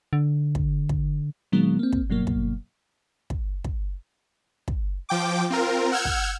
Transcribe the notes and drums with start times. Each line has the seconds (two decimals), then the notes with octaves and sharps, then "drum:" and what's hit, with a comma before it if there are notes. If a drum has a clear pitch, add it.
0.13 D3
0.55 drum: kick
0.89 drum: kick
1.52 A#2 D#3 F#3 G#3 B3
1.79 A#3 C4
1.92 drum: kick
2.10 G2 B2 F#3 A#3
2.27 drum: kick
3.30 drum: kick
3.64 drum: kick
4.68 drum: kick
5.09 F3 G5 D6
5.50 C4 F4 A#4
5.92 F#5 E6 F6 G6 G#6
6.05 drum: kick